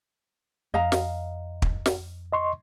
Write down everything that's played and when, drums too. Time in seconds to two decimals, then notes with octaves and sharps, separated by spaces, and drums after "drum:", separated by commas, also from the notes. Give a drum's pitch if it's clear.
0.74 F2 D#5 F5 A#5
0.92 drum: snare
1.62 drum: kick
1.86 drum: snare
2.32 D#5 C6 C#6